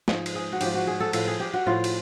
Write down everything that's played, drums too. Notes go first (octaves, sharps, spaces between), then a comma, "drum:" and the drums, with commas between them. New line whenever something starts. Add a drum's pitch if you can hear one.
G#2 F3 G#4, drum: snare
drum: cymbal
G#4
F#4
G#2 F3 G4, drum: cymbal
F#4
G#4
A4
A2 F3 A4, drum: cymbal
G#4
G4
F#4
A2 F3 F4
drum: cymbal